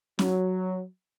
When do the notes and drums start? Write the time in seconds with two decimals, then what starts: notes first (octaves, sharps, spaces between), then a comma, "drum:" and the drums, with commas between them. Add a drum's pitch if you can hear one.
0.19 F#3, drum: snare